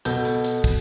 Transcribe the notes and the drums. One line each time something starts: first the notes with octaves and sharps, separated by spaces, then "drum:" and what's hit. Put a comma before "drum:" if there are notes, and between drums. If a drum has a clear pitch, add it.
B2 A4 G6, drum: hi-hat
drum: hi-hat
drum: hi-hat
drum: kick, hi-hat